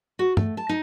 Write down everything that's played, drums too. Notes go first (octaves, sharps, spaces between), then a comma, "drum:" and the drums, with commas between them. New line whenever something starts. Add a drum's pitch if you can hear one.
F#4
A3, drum: tom
A5
D#4